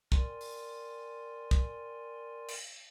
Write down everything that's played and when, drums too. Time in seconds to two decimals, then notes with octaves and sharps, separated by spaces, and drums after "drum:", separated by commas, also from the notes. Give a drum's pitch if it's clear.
0.12 A#4 D5 G5 G#5 C6, drum: kick
0.41 drum: open hi-hat
1.51 drum: kick
2.48 drum: cymbal